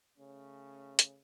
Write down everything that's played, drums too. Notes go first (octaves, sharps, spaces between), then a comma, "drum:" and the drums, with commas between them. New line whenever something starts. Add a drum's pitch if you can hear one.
C#3 A3 C#4
drum: hi-hat